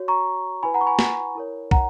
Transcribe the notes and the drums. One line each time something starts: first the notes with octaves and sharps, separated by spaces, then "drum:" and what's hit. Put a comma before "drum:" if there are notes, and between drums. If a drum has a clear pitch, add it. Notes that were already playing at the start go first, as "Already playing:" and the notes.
Already playing: F#4 C#5
A#5 C#6
E4 B4 G#5 B5
F#5 A#5
C#6
G#5 B5
drum: snare
E4 A#4 C#5
F#5 A#5, drum: kick